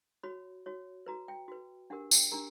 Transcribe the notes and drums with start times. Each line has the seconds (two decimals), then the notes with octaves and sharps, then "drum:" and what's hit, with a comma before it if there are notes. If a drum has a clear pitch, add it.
0.23 F#4 C#5 B5
0.66 F#4 C#5
1.06 F#4 B4 A#5
1.28 G5
1.48 F#4 B4
1.90 D4 G4 A#4 F#5
2.11 G5, drum: tambourine
2.32 D4 G4 A#4 A#5